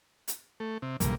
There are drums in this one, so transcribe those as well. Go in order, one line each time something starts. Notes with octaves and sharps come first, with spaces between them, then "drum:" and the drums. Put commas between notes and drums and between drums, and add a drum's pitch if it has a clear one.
drum: hi-hat
A3
C3
B1 G2 C#3 F3 A#3, drum: hi-hat